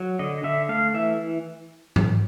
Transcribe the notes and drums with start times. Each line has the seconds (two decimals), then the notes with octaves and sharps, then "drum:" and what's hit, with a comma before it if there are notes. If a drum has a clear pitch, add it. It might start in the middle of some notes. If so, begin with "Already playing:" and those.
Already playing: F#3
0.19 D3 D#5
0.43 D3 E5
0.69 A3 F5
0.94 E3 E5
1.96 drum: tom G#2